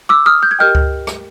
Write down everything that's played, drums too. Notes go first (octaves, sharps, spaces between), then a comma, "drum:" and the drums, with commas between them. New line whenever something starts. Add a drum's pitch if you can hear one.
D6 E6
D#6 F6
G6
G#6
G4 A#4 D#5 G5 F6 G6
drum: kick C#2
drum: rim click